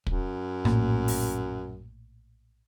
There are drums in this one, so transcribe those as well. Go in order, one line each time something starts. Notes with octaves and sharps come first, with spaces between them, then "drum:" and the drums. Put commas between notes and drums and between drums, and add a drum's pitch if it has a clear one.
F#2, drum: kick
A#1 A2 A#3, drum: rim click
drum: open hi-hat